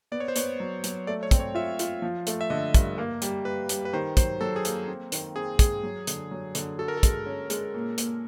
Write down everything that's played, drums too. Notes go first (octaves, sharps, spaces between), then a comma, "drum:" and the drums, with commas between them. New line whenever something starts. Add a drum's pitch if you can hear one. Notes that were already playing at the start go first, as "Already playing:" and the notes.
B3 D5
C#5
C5
B3 C#5, drum: hi-hat
F#3
F#3, drum: hi-hat
A3 D5
C#5
C4, drum: kick, hi-hat
C#5
F4 E5
F4, drum: hi-hat
F3
A3, drum: hi-hat
E5
D3 D#5
G2, drum: kick, hi-hat
A#3
G3, drum: hi-hat
G3 B4
G3, drum: hi-hat
B4
D#3 C5
F#3 C5, drum: kick, hi-hat
F#3 A4
G#4
A#3, drum: hi-hat
C4
D#3, drum: hi-hat
C4 G#4
G#3 G#4, drum: kick, hi-hat
F#3
D3, drum: hi-hat
F#3
D3, drum: hi-hat
F#4 A4
A#4
A4
G#3, drum: kick, hi-hat
C#4
G#3, drum: hi-hat
A#2
A#2, drum: hi-hat